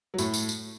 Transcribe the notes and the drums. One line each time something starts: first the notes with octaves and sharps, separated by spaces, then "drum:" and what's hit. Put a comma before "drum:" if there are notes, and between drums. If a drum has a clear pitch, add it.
F#3
A2 A3, drum: tambourine
drum: tambourine
drum: tambourine